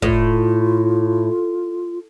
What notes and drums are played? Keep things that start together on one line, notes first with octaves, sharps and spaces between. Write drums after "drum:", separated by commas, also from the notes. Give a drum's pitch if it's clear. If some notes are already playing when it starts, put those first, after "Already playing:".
A2 F4, drum: kick